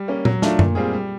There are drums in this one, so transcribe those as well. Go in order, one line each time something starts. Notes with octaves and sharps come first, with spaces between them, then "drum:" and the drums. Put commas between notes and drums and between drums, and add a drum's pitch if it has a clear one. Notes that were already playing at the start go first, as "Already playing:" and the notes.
Already playing: G3
A#3 C#4
F#3, drum: tom A#2
A3 D4 F4, drum: snare
A#2, drum: tom F#2
G3 C4 F4 G#4
G3